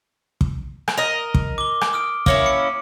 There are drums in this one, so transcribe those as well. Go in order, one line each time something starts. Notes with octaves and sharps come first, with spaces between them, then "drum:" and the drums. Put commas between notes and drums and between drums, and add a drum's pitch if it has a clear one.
drum: kick
drum: rim click
A#4 D#5
drum: kick
D6 G7
drum: rim click
D#6 F6 D7
A#3 C#4 E4 D6, drum: kick
C#7